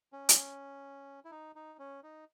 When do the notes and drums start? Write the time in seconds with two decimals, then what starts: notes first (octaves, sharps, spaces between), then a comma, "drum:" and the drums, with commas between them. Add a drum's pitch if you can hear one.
0.13 C#4
0.29 drum: hi-hat
1.25 E4
1.31 D#4
1.56 D#4
1.79 C#4
2.03 D#4